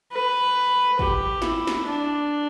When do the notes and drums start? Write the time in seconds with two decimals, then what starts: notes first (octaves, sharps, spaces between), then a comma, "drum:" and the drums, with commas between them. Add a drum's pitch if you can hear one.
0.12 B4
0.99 G4, drum: kick
1.42 E4, drum: snare
1.67 drum: snare
1.86 D4